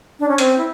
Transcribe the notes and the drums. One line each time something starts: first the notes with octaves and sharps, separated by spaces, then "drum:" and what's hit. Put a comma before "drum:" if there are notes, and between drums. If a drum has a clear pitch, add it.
D4
C#4
C4, drum: hi-hat
E4